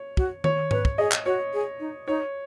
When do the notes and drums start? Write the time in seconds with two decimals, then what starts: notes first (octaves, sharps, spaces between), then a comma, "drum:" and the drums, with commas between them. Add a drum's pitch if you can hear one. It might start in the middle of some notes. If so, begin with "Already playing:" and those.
Already playing: C#5
0.17 F#4, drum: kick
0.44 C#5, drum: tom D#3
0.71 B4 C#5, drum: tom G#2
0.85 drum: kick
0.98 G#4 D#5
1.12 drum: clap
1.26 F#4 C#5
1.54 G#4
1.80 D#4
2.08 D#4 C#5